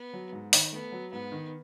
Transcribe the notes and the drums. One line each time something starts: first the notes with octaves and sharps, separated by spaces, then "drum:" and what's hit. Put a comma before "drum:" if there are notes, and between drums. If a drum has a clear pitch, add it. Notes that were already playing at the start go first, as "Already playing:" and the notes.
Already playing: B3
F#3
G#2
D#3, drum: open hi-hat
A3 B3
F#3
G#2 B3
D#3